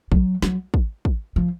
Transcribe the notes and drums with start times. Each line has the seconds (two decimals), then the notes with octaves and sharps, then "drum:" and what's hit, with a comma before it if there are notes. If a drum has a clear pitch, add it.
0.12 F#3, drum: kick
0.42 F#3, drum: snare
0.74 drum: kick
1.05 drum: kick
1.36 F3